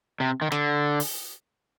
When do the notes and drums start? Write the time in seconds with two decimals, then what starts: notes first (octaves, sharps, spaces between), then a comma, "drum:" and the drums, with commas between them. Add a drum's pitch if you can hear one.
0.20 C3
0.42 D#3
0.52 D3, drum: snare
1.00 drum: open hi-hat